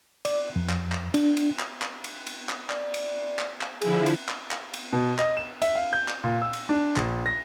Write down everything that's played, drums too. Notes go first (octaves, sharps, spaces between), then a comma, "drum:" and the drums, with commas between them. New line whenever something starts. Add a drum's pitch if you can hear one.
D5, drum: cymbal
F2
drum: clap
drum: clap
D4, drum: cymbal
drum: cymbal
drum: clap
drum: clap
drum: cymbal
drum: cymbal
drum: clap
D5, drum: clap
drum: cymbal
drum: clap
drum: clap
D3 F3 E4 G#4, drum: cymbal
drum: cymbal
drum: clap
drum: clap
drum: cymbal
B2
D#5, drum: clap
E7
E5, drum: cymbal
F5
G6
drum: clap
A#2
E6
drum: cymbal
D4
A#1, drum: clap
A#6